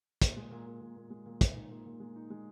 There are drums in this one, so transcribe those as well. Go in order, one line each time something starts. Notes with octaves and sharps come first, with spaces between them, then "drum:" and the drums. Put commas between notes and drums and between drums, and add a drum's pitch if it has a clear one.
A#2, drum: kick, hi-hat
G#3
A#2
A#2
A#2
A#2
G#3
A#2
A#2, drum: kick, hi-hat
D#4
A#2
A#2
G#3
D#4
G#3